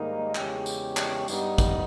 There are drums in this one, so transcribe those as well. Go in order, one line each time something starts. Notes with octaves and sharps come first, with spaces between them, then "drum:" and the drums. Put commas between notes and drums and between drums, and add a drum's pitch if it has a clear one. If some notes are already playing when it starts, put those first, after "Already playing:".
Already playing: G#2 D#3 G3 A#3 D#4
E2 C#3 G#3 C#4 G4, drum: clap
drum: tambourine
drum: clap
G2 G3 B3 D#4, drum: tambourine
drum: kick, tambourine